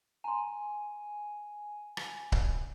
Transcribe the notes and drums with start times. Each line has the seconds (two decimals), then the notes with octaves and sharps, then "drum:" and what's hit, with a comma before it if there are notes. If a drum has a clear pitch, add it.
0.24 G#5 A#5 C6
1.97 drum: rim click
2.32 drum: kick C#1